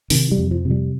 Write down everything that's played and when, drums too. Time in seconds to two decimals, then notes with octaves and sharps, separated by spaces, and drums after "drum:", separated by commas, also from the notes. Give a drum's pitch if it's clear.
0.10 C3 D#3, drum: open hi-hat
0.32 G3
0.38 F2
0.51 F3
0.65 C3
0.71 G3